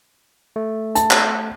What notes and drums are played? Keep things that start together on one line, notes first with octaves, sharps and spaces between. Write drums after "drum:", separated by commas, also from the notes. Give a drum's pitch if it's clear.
A3
A5, drum: hi-hat
drum: clap